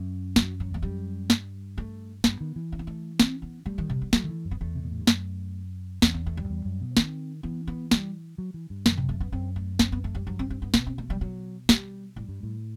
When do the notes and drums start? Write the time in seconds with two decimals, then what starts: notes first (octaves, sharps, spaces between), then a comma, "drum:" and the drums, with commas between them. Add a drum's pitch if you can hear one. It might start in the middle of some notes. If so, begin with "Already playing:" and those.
Already playing: F#2
0.36 F#3, drum: snare
0.60 F#3
0.71 E2 A3
0.82 F#2 G3
1.30 G2, drum: snare
1.78 A3
2.24 G2 B3, drum: snare
2.41 D#3
2.56 E3
2.72 A3
2.79 B3
2.87 A3
3.20 C4, drum: snare
3.42 B3
3.66 G3 A3
3.78 D#3
3.89 C3
4.02 B3
4.13 F#3 A3, drum: snare
4.24 D#3
4.29 E3
4.45 F#2
4.51 B3
4.61 E2 A3
4.75 C3
4.83 B2
4.91 A2
5.00 G2
5.07 F#2, drum: snare
6.02 E2 B3, drum: snare
6.14 B3
6.26 A3
6.37 G3
6.44 F#2
6.50 E2
6.65 F#2
6.81 B2
6.97 D#3 C4, drum: snare
7.43 E3 B3
7.67 B3
7.91 G3, drum: snare
8.38 F#3
8.54 E3
8.70 G2
8.86 F#2 D#3, drum: snare
8.97 C3
9.09 A3
9.20 B3
9.32 F#2 C4
9.56 A3
9.79 C4, drum: snare
9.92 B3
10.04 A3
10.15 G3
10.27 G2 F#3
10.39 C4
10.50 C4
10.62 B3
10.74 B2 B3, drum: snare
10.87 C4
10.98 A3
11.10 G3
11.21 F#3
11.69 G3, drum: snare
12.16 A2 G3
12.29 G2
12.43 A2